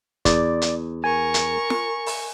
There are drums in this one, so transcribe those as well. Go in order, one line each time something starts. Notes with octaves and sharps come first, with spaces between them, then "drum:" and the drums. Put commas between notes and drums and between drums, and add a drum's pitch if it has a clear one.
E2 D5, drum: kick, hi-hat
drum: hi-hat
A#4 G#5 C#6
drum: hi-hat
drum: snare
drum: open hi-hat